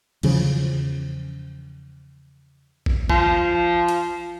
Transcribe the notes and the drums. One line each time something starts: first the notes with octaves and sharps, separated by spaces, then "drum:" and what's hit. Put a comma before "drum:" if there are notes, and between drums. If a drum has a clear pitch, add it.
E2 C#3 F3, drum: cymbal
drum: kick A1
F3, drum: kick A1
drum: hi-hat